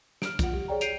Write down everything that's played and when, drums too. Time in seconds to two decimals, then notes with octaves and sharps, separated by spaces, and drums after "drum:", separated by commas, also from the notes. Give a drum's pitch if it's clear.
0.22 F6 D7, drum: snare
0.39 F4 F#5, drum: kick, hi-hat
0.53 G4
0.68 G#4 C#5 D5 G5 A#5
0.81 G6 C7 D7 D#7 F7, drum: hi-hat